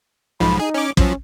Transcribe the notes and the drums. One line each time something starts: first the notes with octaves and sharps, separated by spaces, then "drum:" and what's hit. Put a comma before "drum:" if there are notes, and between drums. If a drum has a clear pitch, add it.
B1 G#2 F3 B5
D#4 G#4
C#4 D6
F3 F#3 C#4, drum: kick